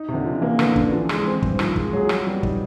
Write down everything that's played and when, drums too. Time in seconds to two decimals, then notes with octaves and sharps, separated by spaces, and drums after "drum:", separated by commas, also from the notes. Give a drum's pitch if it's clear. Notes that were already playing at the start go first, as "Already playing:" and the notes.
Already playing: D#4
0.09 C3
0.14 D3
0.25 F3
0.37 E3
0.42 A#3
0.59 D3 B3, drum: rim click
0.76 D3, drum: kick
0.92 E3 F3
1.09 G#3, drum: rim click
1.26 E3 C4
1.42 G2, drum: kick
1.59 D#3 F3, drum: rim click
1.76 G#3, drum: kick
1.93 F#3 G#4
2.09 G3, drum: rim click
2.27 G3 B3
2.43 D#4, drum: kick